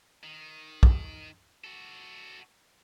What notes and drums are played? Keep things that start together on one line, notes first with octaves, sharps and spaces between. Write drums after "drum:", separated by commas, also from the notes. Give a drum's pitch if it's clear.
D#3
drum: kick
F#4 A4